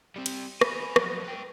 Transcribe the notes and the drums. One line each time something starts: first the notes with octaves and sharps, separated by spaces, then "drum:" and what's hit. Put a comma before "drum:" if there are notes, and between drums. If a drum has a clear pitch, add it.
G3 C4
drum: cymbal
G#5 B5, drum: rim click
F3 F#3, drum: rim click
B4 G5